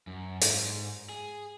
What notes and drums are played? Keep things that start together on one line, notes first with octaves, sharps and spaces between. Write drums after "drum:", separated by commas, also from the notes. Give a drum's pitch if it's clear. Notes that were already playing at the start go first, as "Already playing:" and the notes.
F#2
G#2, drum: hi-hat
G#4